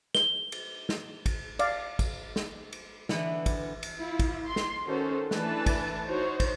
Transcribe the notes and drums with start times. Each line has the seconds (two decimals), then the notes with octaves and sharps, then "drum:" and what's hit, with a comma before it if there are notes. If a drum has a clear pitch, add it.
0.15 G7, drum: snare
0.52 drum: cymbal
0.89 drum: snare
1.26 drum: kick, cymbal
1.59 D5 F5, drum: cymbal
1.99 drum: kick, cymbal
2.36 drum: snare
2.73 drum: cymbal
3.09 D3 E3 B3, drum: snare
3.46 drum: kick, cymbal
3.83 drum: cymbal
3.96 E4 F4
4.19 drum: kick, cymbal
4.46 C6
4.56 drum: snare
4.85 D#3 C#4 F#4 A4 C5
5.31 E3 A3 D4 B4 A5, drum: snare
5.66 drum: kick, cymbal
6.07 D#4 F#4 C5 C#5
6.40 drum: kick, cymbal